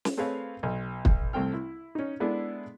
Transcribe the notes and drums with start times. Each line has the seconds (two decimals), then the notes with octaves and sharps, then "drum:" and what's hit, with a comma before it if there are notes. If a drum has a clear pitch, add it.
0.05 drum: snare
0.17 A3 C4 G#4 B4 C#5 F5
0.63 B1
1.05 drum: kick
1.33 C2 A3 C4 G5 F6
1.53 E4
1.95 C#4 D#4
2.20 G#3 B3 D4 E4 G#4 A4